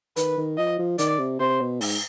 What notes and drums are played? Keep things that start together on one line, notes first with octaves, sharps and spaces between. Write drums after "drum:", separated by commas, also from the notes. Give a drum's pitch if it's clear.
D#3 B4, drum: hi-hat
D#3
F3 D#5
F3
D#3 D5, drum: hi-hat
C3
C3 C5
B2
G#2, drum: open hi-hat